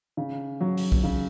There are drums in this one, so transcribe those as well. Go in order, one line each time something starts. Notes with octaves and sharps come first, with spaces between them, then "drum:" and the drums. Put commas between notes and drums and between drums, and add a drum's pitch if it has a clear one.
C#3
F#3
drum: open hi-hat
drum: kick
C#3